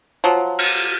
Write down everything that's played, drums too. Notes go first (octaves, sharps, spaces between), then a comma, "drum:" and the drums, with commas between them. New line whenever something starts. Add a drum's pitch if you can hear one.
F3 F#3
drum: cymbal